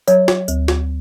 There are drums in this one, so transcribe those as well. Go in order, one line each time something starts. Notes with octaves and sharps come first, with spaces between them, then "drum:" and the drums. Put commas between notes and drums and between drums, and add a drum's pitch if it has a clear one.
F#3 C#5, drum: tambourine
drum: snare
D2, drum: tambourine
drum: snare